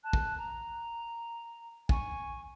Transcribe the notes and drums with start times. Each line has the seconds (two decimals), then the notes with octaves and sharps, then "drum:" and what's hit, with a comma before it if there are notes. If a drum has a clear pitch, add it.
0.04 A5 F#6
0.13 drum: kick
0.39 A#5
1.89 G#5 C#6, drum: kick